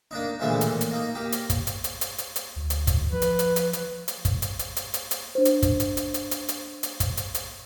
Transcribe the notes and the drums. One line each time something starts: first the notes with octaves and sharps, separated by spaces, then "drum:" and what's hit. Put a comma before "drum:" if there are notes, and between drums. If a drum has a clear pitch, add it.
A#3 D4 D#4
A#2 D3 E3 F3 G#3 A3
A1 A#2, drum: hi-hat
drum: hi-hat
A#3 D#4
A#3 G4
drum: hi-hat
drum: kick, hi-hat
drum: hi-hat
drum: hi-hat
drum: hi-hat
drum: hi-hat
drum: hi-hat
D2
drum: hi-hat
drum: kick, hi-hat
F3 B4
drum: hi-hat
drum: hi-hat
drum: hi-hat
drum: hi-hat
drum: hi-hat
drum: kick, hi-hat
drum: hi-hat
drum: hi-hat
drum: hi-hat
drum: hi-hat
drum: hi-hat
D4 C5
drum: hi-hat
drum: kick, hi-hat
drum: hi-hat
drum: hi-hat
drum: hi-hat
drum: hi-hat
drum: hi-hat
drum: hi-hat
drum: kick, hi-hat
drum: hi-hat
drum: hi-hat